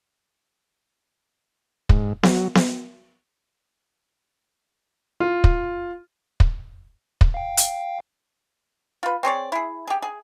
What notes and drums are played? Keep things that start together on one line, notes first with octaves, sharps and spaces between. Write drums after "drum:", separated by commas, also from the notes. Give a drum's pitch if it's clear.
G#2, drum: kick
F#3, drum: snare B3
drum: snare B3
F4
drum: kick
drum: kick
drum: kick
F5 G5
drum: hi-hat
F4 B4
C4 G#4 C#5 D5
E4 G#4
G4 G#4
G#4